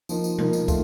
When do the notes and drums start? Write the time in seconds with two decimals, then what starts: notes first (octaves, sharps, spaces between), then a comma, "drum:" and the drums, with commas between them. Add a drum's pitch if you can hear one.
0.09 F3 A#3 D#4, drum: tambourine
0.24 drum: tambourine
0.38 F3 A#3 D#4, drum: tom B2
0.53 drum: tambourine
0.68 D#3 A3 F4, drum: kick, tambourine